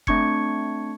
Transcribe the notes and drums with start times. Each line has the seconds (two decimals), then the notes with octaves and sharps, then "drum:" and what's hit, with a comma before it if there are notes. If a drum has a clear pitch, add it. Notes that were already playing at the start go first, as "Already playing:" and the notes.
0.07 A3 C4 D4 C#6 G#6 C#7, drum: kick F1